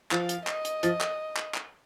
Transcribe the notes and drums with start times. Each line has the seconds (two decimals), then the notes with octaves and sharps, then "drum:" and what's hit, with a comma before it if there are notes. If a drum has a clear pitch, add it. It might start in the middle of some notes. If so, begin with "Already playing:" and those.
0.11 F3 F5, drum: clap
0.29 drum: hi-hat
0.47 D#5, drum: clap
0.65 drum: hi-hat
0.83 F3, drum: hi-hat
1.01 drum: clap
1.36 drum: clap
1.54 drum: clap